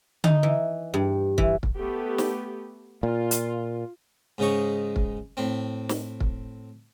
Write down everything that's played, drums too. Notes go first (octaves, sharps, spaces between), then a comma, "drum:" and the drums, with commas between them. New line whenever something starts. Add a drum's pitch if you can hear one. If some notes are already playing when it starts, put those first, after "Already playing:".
D#4, drum: tom D3
E3
G2
E3, drum: kick
drum: kick
A3 B3 G4
drum: snare
A#2 F4
drum: hi-hat
G#2 C#3 D#4 C#6
drum: kick
A2 C4
drum: snare
drum: kick